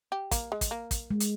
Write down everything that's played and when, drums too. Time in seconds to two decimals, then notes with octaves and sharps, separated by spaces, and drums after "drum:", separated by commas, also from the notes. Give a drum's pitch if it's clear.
0.12 G4
0.31 A#3, drum: kick, hi-hat
0.52 G#3
0.61 drum: kick, hi-hat
0.71 A#3
0.91 drum: kick, hi-hat
1.11 G#3
1.20 drum: hi-hat